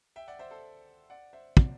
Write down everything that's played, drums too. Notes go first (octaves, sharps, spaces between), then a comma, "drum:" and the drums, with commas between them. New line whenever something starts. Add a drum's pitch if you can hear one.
E5 G5
D5 F#5
C5 E5
A4 C5
D5 F#5
C5 E5
D5 F#5, drum: kick